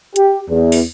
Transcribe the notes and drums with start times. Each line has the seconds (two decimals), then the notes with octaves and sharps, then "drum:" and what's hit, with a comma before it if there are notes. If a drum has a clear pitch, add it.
0.16 G4, drum: hi-hat
0.49 E2
0.72 drum: open hi-hat